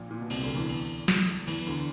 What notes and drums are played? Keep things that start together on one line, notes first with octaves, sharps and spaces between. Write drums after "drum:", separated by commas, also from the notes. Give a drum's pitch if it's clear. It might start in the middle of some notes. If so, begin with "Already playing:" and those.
Already playing: A#1 A#2
A#2
B2
C2 C3, drum: cymbal
D2 D3
E2 E3
drum: cymbal
drum: snare
E2 E3, drum: cymbal
D2 D3